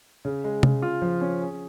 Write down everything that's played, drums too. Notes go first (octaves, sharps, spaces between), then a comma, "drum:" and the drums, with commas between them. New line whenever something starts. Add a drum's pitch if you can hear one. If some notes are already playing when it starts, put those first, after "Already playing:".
C#3
G#3
C#3, drum: tom C3
F4
F3
C#4
G#4